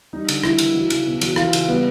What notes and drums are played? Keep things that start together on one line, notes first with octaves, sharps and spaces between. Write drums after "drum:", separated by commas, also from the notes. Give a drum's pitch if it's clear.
G3 D#4
D3, drum: cymbal
G3 E4, drum: rim click
D#3, drum: cymbal
F#3
C#3, drum: cymbal
B2
F#3, drum: cymbal
E3 F4, drum: rim click
C#3, drum: cymbal
G3 B3